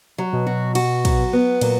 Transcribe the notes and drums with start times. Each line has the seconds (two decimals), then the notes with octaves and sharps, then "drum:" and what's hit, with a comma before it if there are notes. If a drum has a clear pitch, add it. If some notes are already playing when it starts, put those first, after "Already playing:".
0.18 F#3
0.33 B2
0.47 F#4
0.75 F#4, drum: cymbal
1.05 F#3, drum: kick, cymbal
1.33 B3
1.61 A#2 F#3, drum: cymbal